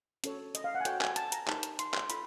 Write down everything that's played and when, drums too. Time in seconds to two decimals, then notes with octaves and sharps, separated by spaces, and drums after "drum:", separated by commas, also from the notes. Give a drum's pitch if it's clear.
0.24 C#4 F#4 A4 C#5, drum: hi-hat
0.55 D#5, drum: hi-hat
0.64 F5
0.75 F#5
0.81 G#5
0.85 F#4 A4 C#5 G5, drum: hi-hat
1.01 G#5, drum: clap
1.16 A5, drum: hi-hat
1.32 A#5, drum: hi-hat
1.48 D#4 G4 A#4 A5, drum: clap
1.63 drum: hi-hat
1.79 C6, drum: hi-hat
1.94 C6, drum: clap
2.10 F4 A4 B5, drum: hi-hat